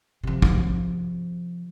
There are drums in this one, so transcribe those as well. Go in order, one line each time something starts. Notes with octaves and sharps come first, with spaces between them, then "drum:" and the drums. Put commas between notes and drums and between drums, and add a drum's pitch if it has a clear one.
C3 F3
drum: kick